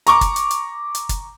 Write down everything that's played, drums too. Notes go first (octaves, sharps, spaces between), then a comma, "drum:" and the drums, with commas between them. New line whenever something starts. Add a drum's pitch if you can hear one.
A#5 C#6 D6, drum: hi-hat
drum: kick, hi-hat
drum: hi-hat
drum: hi-hat
drum: hi-hat
drum: kick, hi-hat